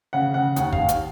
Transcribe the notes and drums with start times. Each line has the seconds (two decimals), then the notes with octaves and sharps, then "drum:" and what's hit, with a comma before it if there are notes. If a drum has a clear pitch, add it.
0.13 C#3 F#5
0.34 C#3 F#5
0.56 D#2 F#5, drum: hi-hat
0.73 F5, drum: kick
0.78 D#2
0.89 drum: hi-hat